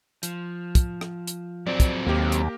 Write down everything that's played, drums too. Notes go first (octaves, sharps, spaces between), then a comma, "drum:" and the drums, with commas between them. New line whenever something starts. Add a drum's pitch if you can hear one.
F3, drum: hi-hat
drum: kick, hi-hat
drum: rim click
drum: hi-hat
F#3 C4 D5
drum: kick, hi-hat
D#2 A#3 G4 A#4
drum: hi-hat